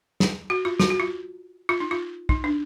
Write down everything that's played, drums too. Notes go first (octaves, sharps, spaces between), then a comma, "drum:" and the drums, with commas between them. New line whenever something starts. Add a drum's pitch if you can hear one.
drum: snare
F#4
F4
F#4, drum: snare
F#4
F4
F4
D#4
F4
D#4, drum: kick
D4